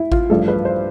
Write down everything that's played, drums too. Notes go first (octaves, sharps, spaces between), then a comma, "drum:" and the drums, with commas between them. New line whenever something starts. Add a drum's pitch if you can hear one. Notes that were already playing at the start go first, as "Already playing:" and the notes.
Already playing: E4
F4, drum: kick G#1
A1 G2 F3 A4
B4
C5